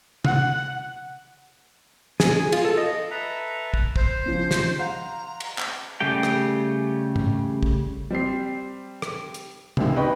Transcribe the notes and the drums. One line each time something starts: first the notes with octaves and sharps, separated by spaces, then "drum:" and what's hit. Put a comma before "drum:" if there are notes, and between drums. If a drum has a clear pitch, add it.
F#5, drum: tom
G#4, drum: snare
G#4
F4, drum: cymbal
A4
D#5
A4 B4 E5 A#5
drum: kick
C5, drum: kick
C#3 F3
drum: snare
F5 F#5 A#5 C6
drum: cymbal
drum: clap
C#3 G3 A3 G4 G5
drum: rim click
drum: tom G#2
drum: kick
G3 C4 C7
drum: rim click
drum: hi-hat
C#2 C3 D#3 G#3, drum: tom
B4 D#5 G5 C#6